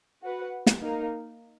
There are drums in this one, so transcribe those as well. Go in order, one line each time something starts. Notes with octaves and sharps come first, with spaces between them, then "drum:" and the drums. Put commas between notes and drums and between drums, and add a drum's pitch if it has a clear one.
F#4 B4 F#5
drum: snare
A#3 D#4 A#4